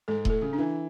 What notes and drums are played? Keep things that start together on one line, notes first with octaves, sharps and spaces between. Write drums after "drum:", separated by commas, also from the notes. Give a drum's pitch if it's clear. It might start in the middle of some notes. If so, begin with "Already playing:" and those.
G#2 A4
A2 A4, drum: kick D#1
C#3
D4
E3